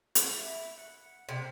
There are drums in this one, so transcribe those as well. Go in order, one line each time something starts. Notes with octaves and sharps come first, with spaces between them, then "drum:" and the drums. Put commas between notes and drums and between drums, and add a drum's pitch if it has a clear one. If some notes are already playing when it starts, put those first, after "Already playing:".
drum: hi-hat
E4
F#5
C3 A#3